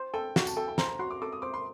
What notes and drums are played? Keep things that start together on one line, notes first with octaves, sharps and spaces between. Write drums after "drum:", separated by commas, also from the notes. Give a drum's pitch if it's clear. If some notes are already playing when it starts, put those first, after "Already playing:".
Already playing: C5
A4 G5
F#4, drum: snare
A5, drum: tambourine
A4 G5
G5
C5 A#5, drum: snare
A#5
F#4 C6
D6
A4 D6
D#6
C5 D6
C6